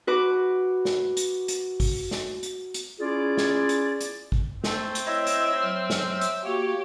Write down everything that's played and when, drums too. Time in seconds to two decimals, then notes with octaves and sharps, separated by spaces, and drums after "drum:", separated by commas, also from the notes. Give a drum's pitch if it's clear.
0.07 F#4 B4 D6
0.85 drum: snare
1.17 drum: hi-hat
1.48 drum: hi-hat
1.80 drum: kick, open hi-hat
2.11 drum: snare
2.43 drum: hi-hat
2.74 drum: hi-hat
3.00 C#4 E4 F4 G#4 D5
3.37 drum: snare
3.69 drum: hi-hat
4.01 drum: hi-hat
4.32 drum: kick
4.64 A3 C4, drum: snare
4.95 drum: hi-hat
5.07 E4 C#5 D#5 E5
5.27 drum: hi-hat
5.62 F#3 E6 F6
5.90 drum: snare
6.11 E5
6.21 drum: hi-hat
6.45 A#3 F#4 G4 C#5